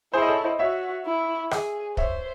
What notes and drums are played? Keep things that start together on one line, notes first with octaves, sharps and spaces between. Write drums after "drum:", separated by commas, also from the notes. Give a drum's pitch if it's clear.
E4 G#4 C5
D#5
A4 C#5
C5 D#5
F#4 C#5 E5
E4
G#4, drum: rim click
C5 C#5 E5, drum: kick